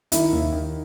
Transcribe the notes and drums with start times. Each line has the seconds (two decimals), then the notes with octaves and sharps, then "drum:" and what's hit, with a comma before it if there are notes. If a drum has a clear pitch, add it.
0.12 D#3 E4, drum: hi-hat
0.33 D#2
0.53 D#3